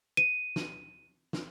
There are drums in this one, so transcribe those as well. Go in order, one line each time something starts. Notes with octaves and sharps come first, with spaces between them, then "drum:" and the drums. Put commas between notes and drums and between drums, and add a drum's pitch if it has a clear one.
D#7
drum: snare
drum: snare